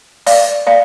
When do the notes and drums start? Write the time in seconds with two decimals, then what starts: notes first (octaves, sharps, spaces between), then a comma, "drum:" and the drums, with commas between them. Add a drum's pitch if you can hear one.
0.27 D5 F5, drum: open hi-hat
0.67 D5 F5